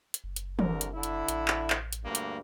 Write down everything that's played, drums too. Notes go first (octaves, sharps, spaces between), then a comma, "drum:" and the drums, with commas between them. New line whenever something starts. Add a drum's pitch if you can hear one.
drum: hi-hat
F#1
drum: hi-hat
C2 D3 A#4, drum: tom
drum: hi-hat
D3 E4
drum: hi-hat
A1, drum: hi-hat
drum: clap
drum: clap
drum: hi-hat
D2 G2 A#3
drum: hi-hat